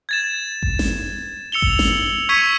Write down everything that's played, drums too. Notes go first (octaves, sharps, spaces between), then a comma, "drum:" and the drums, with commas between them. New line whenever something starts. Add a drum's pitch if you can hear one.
G#6 A6 E7
drum: kick G#1
drum: snare
E6 C#7 F7 G7
drum: kick G#1
drum: snare
C#6 E6 G#6 B6 C#7 D#7